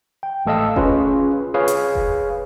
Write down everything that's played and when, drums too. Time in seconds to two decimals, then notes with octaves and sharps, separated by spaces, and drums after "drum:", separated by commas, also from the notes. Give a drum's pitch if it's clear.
0.23 G5
0.46 A1 A3 A4 D#5 F5 E6
0.76 C#4 F4 G#4 B4, drum: kick F1
1.54 G#4 B4 C#5 F5
1.68 drum: hi-hat
1.95 drum: kick F1